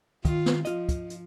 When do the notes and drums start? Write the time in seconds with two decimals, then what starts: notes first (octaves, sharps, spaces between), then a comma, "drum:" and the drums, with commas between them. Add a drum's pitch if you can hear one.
0.25 D#3 F4, drum: kick, hi-hat
0.46 drum: snare
0.65 F3 F4 D#5, drum: hi-hat
0.89 drum: kick, hi-hat
1.10 drum: hi-hat